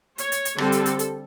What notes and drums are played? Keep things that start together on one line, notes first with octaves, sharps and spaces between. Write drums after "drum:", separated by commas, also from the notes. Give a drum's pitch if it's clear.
C#5, drum: hi-hat
drum: hi-hat
drum: hi-hat
D3 G3 C4 A4, drum: rim click
drum: hi-hat
drum: hi-hat
drum: hi-hat